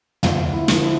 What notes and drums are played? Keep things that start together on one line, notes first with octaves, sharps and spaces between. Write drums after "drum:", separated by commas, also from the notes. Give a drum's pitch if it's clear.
D2 F4, drum: tom
E4
D3 F3, drum: snare
E4